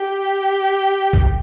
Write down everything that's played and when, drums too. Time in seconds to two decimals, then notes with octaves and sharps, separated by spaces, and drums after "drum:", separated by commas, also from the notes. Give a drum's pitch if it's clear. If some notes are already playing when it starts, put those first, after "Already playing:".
Already playing: G4
1.13 drum: kick